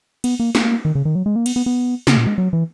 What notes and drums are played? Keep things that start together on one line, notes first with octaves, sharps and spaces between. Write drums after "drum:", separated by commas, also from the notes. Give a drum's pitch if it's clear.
B3, drum: cymbal
A#3
A#3, drum: snare
D#3
C#3
D#3
F#3
G#3
A#3
B3, drum: cymbal
B3
B3
C#3, drum: snare
A#2
G#3
F#3
E3